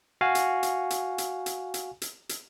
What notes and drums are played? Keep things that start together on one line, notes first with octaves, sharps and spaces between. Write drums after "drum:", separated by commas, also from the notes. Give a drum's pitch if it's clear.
F#4 F5 G#5
drum: hi-hat
drum: hi-hat
drum: hi-hat
drum: hi-hat
drum: hi-hat
drum: hi-hat
drum: hi-hat
drum: hi-hat